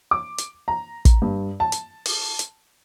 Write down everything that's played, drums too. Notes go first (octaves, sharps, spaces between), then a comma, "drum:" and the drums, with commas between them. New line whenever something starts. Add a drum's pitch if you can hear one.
D6
drum: hi-hat
A#5
drum: kick, hi-hat
G2
A5
drum: hi-hat
drum: open hi-hat
drum: hi-hat